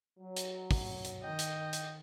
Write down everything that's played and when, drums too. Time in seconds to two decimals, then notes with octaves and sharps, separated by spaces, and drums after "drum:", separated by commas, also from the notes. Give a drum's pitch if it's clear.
0.19 F#3
0.37 drum: hi-hat
0.71 drum: kick, open hi-hat
1.05 drum: hi-hat
1.23 D#3 D#5 G5
1.39 drum: hi-hat
1.73 drum: hi-hat